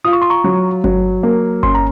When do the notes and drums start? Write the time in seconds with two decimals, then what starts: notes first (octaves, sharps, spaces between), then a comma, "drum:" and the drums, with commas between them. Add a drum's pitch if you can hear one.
0.04 F4 D#6
0.13 C#6
0.22 C6
0.30 A#5 C#6
0.44 F#3
0.84 F#3, drum: kick G1
1.23 A#3
1.63 C#4 C6, drum: kick G1
1.75 A#5